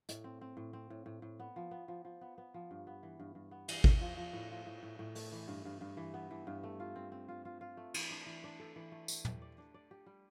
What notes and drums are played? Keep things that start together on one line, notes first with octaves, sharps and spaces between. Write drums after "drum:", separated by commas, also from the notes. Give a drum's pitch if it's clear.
A2, drum: hi-hat
C4
C4
A2
C4
A2
A2
A2
B3
F3
B3
F3
F3
B3
B3
F3
G2
B3
E3
G2
G2
B3
E3, drum: cymbal
E3, drum: kick G#1
F3
F3
A2
F3
A2
A2
A2
A3, drum: open hi-hat
E3
G2
G2
G2
E3
B3
E3
G2
A3
F4
C4
C4
F4
F4
F4
A3
E3, drum: cymbal
D4
E3
D4
A4
E3
A3
A3, drum: tambourine
G4, drum: tom
D5
D4
D5
G4
G3